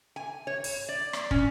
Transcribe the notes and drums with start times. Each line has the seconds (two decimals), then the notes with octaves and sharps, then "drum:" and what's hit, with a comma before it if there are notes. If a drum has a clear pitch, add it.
0.16 G#5
0.47 C#5
0.64 drum: open hi-hat
0.89 D5
1.13 drum: rim click
1.31 C#4, drum: kick